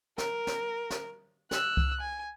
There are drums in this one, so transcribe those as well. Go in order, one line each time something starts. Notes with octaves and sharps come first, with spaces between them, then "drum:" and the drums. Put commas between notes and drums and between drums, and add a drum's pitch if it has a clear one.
A#4, drum: snare
drum: snare
drum: snare
E6 F#6, drum: snare
drum: kick C2
G#5